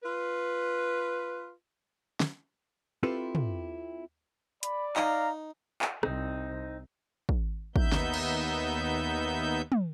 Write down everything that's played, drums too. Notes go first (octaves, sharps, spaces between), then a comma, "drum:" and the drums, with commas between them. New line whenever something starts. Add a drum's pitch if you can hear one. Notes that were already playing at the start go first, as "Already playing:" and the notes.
F4 B4
drum: snare
C4 E4 F4 G4 A4 B4
drum: tom
D5 B5, drum: hi-hat
D#4 F5 A#5, drum: clap
drum: clap
C2 C4 D#4, drum: rim click
drum: kick
D#2 B3 D#4 E5 G6, drum: kick
drum: snare
drum: cymbal
drum: tom